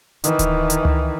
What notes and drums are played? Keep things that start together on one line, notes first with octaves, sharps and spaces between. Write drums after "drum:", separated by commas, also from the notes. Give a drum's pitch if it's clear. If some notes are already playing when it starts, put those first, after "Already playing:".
D#3 E3, drum: hi-hat
drum: kick D1, hi-hat
drum: hi-hat
drum: tom C#2